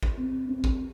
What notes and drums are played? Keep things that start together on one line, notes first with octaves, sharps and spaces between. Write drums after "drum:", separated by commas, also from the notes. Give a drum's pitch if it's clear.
drum: kick
C4
C4
drum: kick